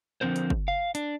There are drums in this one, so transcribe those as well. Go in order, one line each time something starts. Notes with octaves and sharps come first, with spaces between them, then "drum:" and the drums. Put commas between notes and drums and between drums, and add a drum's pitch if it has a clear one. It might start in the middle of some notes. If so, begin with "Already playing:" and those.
D3 F3 C4 A#4 C5
drum: hi-hat
drum: kick
F5
D4, drum: hi-hat